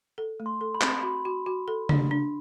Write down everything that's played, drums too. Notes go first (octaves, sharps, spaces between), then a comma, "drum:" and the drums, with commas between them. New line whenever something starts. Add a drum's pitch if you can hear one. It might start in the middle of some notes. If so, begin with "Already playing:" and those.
A4
A3
C6
A4
B5
C4, drum: clap
F#4 B5
F#4
F#4
A4
D4, drum: tom C#3
D4